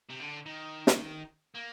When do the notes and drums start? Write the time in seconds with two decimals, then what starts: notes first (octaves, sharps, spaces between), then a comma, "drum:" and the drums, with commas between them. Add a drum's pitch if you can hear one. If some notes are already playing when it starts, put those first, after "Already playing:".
0.10 C3
0.20 D3
0.46 D#3
0.87 drum: snare
1.55 A#3